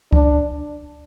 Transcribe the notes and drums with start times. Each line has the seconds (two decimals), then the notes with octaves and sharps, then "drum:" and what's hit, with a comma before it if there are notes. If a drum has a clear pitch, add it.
0.12 D4, drum: kick C#2